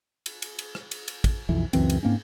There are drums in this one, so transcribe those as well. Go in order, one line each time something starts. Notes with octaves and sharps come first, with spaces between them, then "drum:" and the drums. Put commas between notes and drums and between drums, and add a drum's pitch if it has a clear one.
drum: cymbal
drum: cymbal
drum: cymbal
drum: rim click
drum: cymbal
drum: cymbal
drum: kick, cymbal
B1 F2 E3
C#2 F#2 E3 C4, drum: cymbal
drum: cymbal
G#2 A#3 C4 C#4